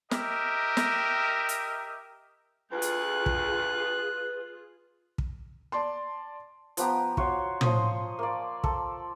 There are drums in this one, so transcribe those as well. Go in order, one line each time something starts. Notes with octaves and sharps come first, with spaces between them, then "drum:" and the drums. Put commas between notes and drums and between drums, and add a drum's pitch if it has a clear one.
G4 A#4 D#5 E5, drum: snare
drum: snare
drum: hi-hat
D2 F4 G#4 B4 F#6
drum: hi-hat
drum: kick
drum: kick
D5 A5 C6
F3 B3 G4 A#5, drum: hi-hat
F4 F#4 C5 C#5, drum: kick
F3 C5 C#5 D#5, drum: tom
A#3 D5
A4, drum: kick